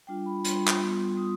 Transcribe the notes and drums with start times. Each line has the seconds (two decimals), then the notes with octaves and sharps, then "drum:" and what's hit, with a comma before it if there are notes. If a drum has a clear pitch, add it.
0.07 G3 D4 F4 G5
0.26 B5
0.44 G3 D4 F4 C6, drum: hi-hat
0.67 drum: clap
0.81 G3 B3 F4
1.17 G3 B3 F4 D#6